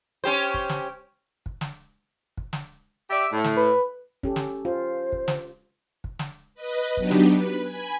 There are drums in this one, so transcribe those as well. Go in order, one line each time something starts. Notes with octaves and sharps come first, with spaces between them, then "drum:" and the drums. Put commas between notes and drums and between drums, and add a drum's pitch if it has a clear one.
C#4 G4 C5
drum: kick
drum: snare
drum: kick
drum: snare
drum: kick
drum: snare
G4 D5 E5
A2
drum: snare
B4
C#4 G4 A4, drum: kick
drum: snare
F4 C5
drum: kick
drum: snare
drum: kick
drum: snare
B4 D#5
F#3 B3 D4 D#4 G4, drum: kick
drum: snare
B4
G#5 B5